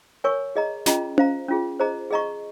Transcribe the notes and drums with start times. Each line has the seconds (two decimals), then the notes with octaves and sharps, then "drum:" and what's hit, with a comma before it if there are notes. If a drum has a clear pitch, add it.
0.24 A#4 C#5 G#5 C#6
0.56 G#4 D#5 A#5
0.86 C#4 F4 G#4 D#5 A#5, drum: snare
1.18 C5 F5 A#5, drum: tom C#4
1.48 C#4 F4 G#4
1.80 G#4 C5 D#5 A#5
2.11 G#4 D#5 A#5 C#6